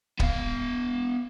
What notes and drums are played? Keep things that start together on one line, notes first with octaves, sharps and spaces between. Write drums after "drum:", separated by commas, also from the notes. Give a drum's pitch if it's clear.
B3 F5, drum: kick D1